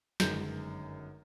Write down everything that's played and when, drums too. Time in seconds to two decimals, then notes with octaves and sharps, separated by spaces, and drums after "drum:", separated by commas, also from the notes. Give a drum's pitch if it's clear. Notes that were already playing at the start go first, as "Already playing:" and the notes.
0.20 G1 F#2 D#3 G#3 G6, drum: snare